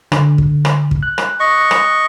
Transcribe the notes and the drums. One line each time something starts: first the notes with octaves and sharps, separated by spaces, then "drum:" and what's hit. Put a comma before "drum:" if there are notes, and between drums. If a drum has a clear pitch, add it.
D3, drum: rim click
drum: kick
drum: rim click
drum: kick
F#6
drum: rim click
D#5 C#6
drum: rim click